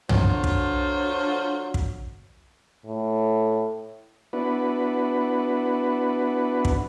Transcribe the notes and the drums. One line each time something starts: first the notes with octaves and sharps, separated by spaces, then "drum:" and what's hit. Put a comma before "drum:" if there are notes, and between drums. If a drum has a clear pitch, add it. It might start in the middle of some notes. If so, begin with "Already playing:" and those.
D3 F#3 F4 F#4 C5, drum: tom
drum: kick
drum: kick
A2
B3 D4 E4 F#4 B4
drum: kick